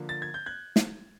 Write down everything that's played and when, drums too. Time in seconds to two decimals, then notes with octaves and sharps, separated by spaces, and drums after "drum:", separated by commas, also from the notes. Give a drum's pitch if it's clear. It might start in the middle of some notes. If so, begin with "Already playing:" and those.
Already playing: D3 F3 A#3
0.09 A6
0.22 G#6
0.34 G6
0.46 F#6 G#6
0.76 drum: snare